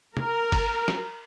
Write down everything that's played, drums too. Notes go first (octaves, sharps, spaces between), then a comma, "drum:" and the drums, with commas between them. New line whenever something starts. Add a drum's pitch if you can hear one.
A#4, drum: tom
drum: kick, cymbal
drum: snare